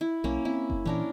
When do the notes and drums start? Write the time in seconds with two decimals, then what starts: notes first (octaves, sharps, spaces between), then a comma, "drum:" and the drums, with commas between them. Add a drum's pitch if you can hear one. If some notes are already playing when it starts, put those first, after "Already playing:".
0.01 E4
0.24 B1 A#3 C#4
0.45 C4 E4
0.70 drum: kick F#1
0.85 A#2 E3 C#4 D4 A#4